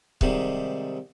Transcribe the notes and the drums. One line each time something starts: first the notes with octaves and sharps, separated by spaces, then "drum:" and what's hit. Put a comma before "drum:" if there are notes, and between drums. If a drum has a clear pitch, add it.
G#2 C3 D#3 G3, drum: kick C#1